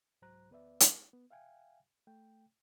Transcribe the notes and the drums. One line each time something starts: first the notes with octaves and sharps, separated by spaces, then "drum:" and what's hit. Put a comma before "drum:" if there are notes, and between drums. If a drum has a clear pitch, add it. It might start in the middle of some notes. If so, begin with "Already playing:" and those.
C2 G#2 F#3 C5 A#5 F#6
D2 B3 B4 D5 E5
drum: hi-hat
B3
E5 F5 G5 G#5
A3 G5